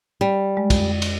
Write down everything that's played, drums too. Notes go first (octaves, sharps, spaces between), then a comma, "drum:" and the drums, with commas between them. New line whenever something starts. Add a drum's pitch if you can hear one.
G3
G#3
F2, drum: kick, cymbal
drum: cymbal